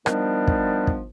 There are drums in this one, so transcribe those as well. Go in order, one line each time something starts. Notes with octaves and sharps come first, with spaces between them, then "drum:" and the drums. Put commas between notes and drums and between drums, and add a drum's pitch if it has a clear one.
D#3 F3 G3 B3 D4, drum: rim click
drum: kick
drum: kick